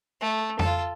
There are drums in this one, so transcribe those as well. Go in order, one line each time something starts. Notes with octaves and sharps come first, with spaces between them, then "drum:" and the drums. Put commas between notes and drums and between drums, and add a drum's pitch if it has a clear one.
A3
F4 A4, drum: tom F2